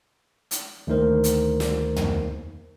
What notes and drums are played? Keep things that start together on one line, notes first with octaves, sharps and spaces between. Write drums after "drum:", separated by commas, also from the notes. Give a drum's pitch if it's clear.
drum: hi-hat
D2 D#3 A#3 D#4 A#4 C5
drum: hi-hat
drum: snare
drum: tom